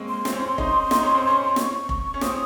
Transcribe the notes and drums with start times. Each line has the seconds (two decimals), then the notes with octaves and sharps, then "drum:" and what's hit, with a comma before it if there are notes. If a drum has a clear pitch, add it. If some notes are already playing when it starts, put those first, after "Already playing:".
Already playing: G#3 A#3 C4 C#4
0.09 C6
0.25 C4, drum: snare
0.32 C#4
0.40 C4
0.58 D#4, drum: kick F1
0.91 D#4, drum: snare
1.03 C#4
1.15 C4
1.27 C#4
1.56 C#6, drum: snare
1.89 drum: kick F1
2.14 C#4
2.21 C4 D#6, drum: snare